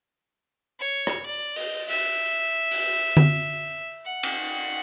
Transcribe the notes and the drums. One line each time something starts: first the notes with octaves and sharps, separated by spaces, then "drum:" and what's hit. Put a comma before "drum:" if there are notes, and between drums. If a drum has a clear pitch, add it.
C#5
drum: rim click
D5
D#5, drum: open hi-hat
E5, drum: open hi-hat
drum: open hi-hat
drum: tom D3
F#5
drum: cymbal